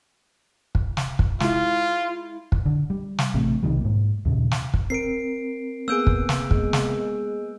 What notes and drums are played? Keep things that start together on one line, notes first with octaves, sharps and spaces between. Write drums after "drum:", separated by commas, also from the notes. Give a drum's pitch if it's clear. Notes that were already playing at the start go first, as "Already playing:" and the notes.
drum: kick
drum: snare
drum: kick
G#3 E4 F4, drum: snare
drum: kick
D3
G3
drum: snare
A1 A2 C3
B1 C3 D#3 G3
G#2 A#3
D#2 A#2 C#3
drum: snare
drum: kick
C4 A#4 C7 D7
A#3 B3 G#4 E6 G6 D7
drum: kick
drum: snare
G#3, drum: kick
drum: snare